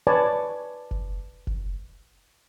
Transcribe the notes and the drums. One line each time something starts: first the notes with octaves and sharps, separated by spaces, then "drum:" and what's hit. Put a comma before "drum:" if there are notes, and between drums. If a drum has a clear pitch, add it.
B4 C#5 D5 G#5 A5
drum: kick F1
drum: kick F1